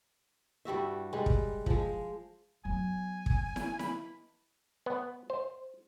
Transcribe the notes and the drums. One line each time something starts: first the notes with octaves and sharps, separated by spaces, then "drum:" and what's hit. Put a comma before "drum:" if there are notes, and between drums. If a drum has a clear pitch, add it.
G2 G3 F#4 E5
G3 G#3 B4
drum: kick
F3 G#3, drum: kick
F#3 B3 G#5
drum: kick
drum: snare E4
B5, drum: snare E4
B3
C5